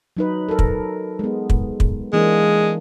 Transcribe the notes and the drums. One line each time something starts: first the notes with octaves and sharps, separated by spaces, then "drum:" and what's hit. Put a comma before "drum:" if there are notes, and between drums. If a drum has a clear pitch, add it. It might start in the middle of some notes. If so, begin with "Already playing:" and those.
F#3 D#4 B4
A4 A#4
drum: kick
G#3 B3
drum: kick
drum: kick
E3 G#3 A#3 D4